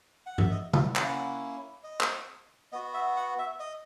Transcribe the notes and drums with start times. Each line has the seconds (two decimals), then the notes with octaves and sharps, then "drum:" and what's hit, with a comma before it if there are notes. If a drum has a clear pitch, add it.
0.26 F#5
0.38 E5, drum: tom G2
0.51 D#5
0.73 E5, drum: tom
0.96 A#3 C#4 E4 F#5, drum: clap
1.84 D#5
2.00 drum: clap
2.72 B3 F#4 D#5
2.94 E5
3.17 F#5
3.39 E5
3.60 D#5